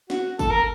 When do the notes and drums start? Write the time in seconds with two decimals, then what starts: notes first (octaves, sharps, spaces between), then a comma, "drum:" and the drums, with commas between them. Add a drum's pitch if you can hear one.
0.10 F#4, drum: snare
0.39 A4, drum: kick, tambourine
0.50 A#4